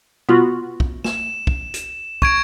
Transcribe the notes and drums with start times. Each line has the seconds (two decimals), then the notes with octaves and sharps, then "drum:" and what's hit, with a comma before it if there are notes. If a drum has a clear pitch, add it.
0.29 B3 F4 F#4, drum: tom
0.80 drum: kick
1.04 E7, drum: snare
1.47 drum: kick
1.74 drum: hi-hat
2.22 C#6 G#6 D7, drum: kick